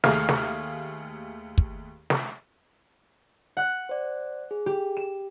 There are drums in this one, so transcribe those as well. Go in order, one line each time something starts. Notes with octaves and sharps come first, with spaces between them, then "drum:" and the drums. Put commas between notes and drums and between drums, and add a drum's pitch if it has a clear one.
D#2 A3 G#4 F5 F6, drum: snare
drum: snare
drum: kick
drum: snare
F#5 F#6
C5 D5
G#4
G4
E7